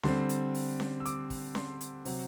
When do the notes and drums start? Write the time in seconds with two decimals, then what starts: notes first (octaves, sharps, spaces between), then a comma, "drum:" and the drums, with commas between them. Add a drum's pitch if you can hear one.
0.03 D3 G3 C4 C6, drum: snare C#4
0.29 drum: hi-hat
0.54 drum: open hi-hat
0.80 drum: snare C#4
1.00 E6
1.05 D6, drum: hi-hat
1.30 drum: kick, open hi-hat
1.55 C6, drum: snare C#4
1.81 drum: hi-hat
2.05 C3 F#3 C4, drum: open hi-hat